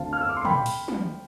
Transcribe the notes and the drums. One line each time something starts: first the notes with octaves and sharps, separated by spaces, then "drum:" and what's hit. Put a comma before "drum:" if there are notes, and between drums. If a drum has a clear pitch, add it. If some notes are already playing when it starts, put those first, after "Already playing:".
Already playing: D2 D3 A3 C4 F5 A5
F6
E6
D6
C6
G5 B5, drum: tom
drum: open hi-hat
drum: tom